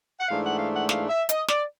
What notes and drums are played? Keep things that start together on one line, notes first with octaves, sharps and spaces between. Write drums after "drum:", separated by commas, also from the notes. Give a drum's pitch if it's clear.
F#5
G#2 E3 A3 D4 F5
F#5
F5
F#5
F5, drum: snare
E5
D#5, drum: hi-hat
D5, drum: snare